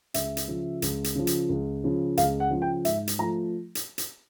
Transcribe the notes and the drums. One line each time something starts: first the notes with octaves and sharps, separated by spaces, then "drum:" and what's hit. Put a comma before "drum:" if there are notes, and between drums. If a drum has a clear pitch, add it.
C#2 E5, drum: hi-hat
drum: hi-hat
C#3 F3
C#2, drum: hi-hat
drum: hi-hat
C#3 F3
drum: hi-hat
C#2
C#3 F3
C#2 F5, drum: hi-hat
F#5
C#3 F3
G5
G#2 E5, drum: hi-hat
drum: hi-hat
F3 A3 A#5
drum: hi-hat
drum: hi-hat